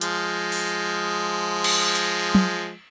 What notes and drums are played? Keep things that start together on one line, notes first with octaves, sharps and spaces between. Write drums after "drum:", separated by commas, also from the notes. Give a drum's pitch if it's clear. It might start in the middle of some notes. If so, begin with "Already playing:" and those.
F3 G#3, drum: hi-hat
drum: open hi-hat
drum: cymbal
drum: hi-hat
drum: tom